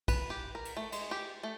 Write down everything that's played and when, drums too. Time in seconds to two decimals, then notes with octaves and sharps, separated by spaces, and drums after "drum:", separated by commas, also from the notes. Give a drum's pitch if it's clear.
0.08 B4, drum: kick, cymbal
0.30 G4
0.55 A#4
0.65 drum: cymbal
0.77 A3
0.92 G#3, drum: cymbal
1.11 G4
1.43 A3